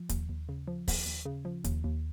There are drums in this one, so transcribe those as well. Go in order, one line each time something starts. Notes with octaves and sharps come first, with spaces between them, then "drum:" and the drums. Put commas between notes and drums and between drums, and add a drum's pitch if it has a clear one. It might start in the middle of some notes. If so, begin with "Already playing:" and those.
Already playing: F3
D#2, drum: kick, hi-hat
D#2
C#3
F3
D#2, drum: kick, open hi-hat
D#2
C#3
F3
D#2, drum: kick, hi-hat
D#2